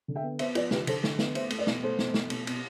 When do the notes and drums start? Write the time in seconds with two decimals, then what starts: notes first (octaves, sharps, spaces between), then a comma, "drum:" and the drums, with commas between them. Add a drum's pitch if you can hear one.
0.08 D3
0.16 E5 G5
0.23 B3
0.39 B3 C5 E5, drum: cymbal
0.55 F3 B4 D5, drum: cymbal
0.71 D3 G4 B4, drum: snare
0.87 D3 A4 C5, drum: cymbal
1.04 D3, drum: snare
1.19 B3, drum: snare
1.35 A3 C5 E5, drum: cymbal
1.50 A3, drum: cymbal
1.59 B4 D5
1.67 B2, drum: snare
1.83 A3 A4 C5
1.99 B2, drum: snare
2.14 A3, drum: snare
2.30 B2, drum: cymbal
2.47 B2, drum: cymbal